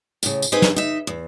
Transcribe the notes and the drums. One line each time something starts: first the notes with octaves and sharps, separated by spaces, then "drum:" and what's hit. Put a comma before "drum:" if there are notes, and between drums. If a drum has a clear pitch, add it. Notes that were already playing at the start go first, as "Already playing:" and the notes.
A2 C#3, drum: tambourine
drum: tambourine
C4 D#4 G#4 B4
drum: snare
D#4 E5
E2